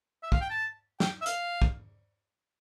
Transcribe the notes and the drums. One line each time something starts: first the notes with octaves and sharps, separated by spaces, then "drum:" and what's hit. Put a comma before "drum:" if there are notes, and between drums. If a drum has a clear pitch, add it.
E5
F5, drum: kick
G5
A5
G5, drum: snare
E5
F5, drum: hi-hat
drum: kick